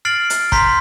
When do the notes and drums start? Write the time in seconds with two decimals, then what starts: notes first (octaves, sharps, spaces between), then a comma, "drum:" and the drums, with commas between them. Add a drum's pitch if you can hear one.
0.05 F6 A6 C7 D7 F#7
0.30 D7, drum: hi-hat
0.52 A#5 C6 G6 B6, drum: kick